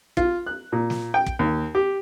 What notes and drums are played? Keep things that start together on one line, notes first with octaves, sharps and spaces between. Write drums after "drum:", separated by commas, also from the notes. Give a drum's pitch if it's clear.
F4, drum: kick
F#6
A#2
drum: snare
G5
drum: kick
D#2
G4